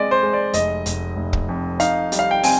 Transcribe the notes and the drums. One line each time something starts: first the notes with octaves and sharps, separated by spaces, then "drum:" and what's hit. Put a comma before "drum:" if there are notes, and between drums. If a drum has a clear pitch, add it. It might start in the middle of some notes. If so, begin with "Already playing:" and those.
Already playing: G#3 C4 D5 D#5
C5
G#3
D5
F1 D#5, drum: hi-hat
F1, drum: hi-hat
F1
drum: kick
F2
D#4 F5, drum: hi-hat
G3, drum: hi-hat
F5
G5
C4 G#5, drum: open hi-hat